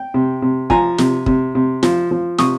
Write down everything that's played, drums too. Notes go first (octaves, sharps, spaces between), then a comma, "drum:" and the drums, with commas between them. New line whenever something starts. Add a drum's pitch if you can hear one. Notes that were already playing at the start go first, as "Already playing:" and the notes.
Already playing: G5
C3
C3
F3 G#5 A#5, drum: kick
C3, drum: snare
C3, drum: kick
C3
F3, drum: snare
F3
C3 C#6 D#6, drum: snare